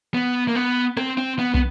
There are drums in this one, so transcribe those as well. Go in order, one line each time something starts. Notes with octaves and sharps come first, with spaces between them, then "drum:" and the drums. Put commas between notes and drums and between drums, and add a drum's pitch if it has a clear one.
B3
A#3
B3
C4, drum: rim click
C4
B3
B3, drum: kick